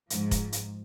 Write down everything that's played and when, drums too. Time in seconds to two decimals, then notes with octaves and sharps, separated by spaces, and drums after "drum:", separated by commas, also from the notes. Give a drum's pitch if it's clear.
0.10 G#2 F3, drum: hi-hat
0.31 drum: kick F1, hi-hat
0.52 drum: hi-hat